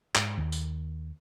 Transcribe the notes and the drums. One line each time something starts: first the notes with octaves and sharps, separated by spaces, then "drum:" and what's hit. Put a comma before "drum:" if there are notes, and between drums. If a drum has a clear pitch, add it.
G#2, drum: clap
D#2
drum: tambourine